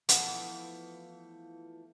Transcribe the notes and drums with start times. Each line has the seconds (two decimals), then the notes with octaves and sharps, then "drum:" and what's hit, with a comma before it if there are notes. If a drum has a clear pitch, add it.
0.09 E3 F3 A3 B3, drum: hi-hat